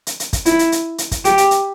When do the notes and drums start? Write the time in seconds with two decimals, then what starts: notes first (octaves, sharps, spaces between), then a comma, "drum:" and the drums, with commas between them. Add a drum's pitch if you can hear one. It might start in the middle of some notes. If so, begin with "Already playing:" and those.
0.07 drum: hi-hat
0.20 drum: hi-hat
0.33 drum: kick, hi-hat
0.46 E4, drum: hi-hat
0.59 drum: hi-hat
0.72 drum: hi-hat
0.98 drum: hi-hat
1.11 drum: kick, hi-hat
1.25 G4, drum: hi-hat
1.38 drum: hi-hat
1.51 drum: hi-hat